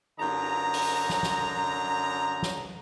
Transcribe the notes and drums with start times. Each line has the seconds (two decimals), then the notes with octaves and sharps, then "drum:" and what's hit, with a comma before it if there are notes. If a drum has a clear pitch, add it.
0.19 F#2 D3 D#4 A#5, drum: cymbal
0.74 drum: open hi-hat
1.09 drum: snare
1.23 drum: snare
2.43 drum: snare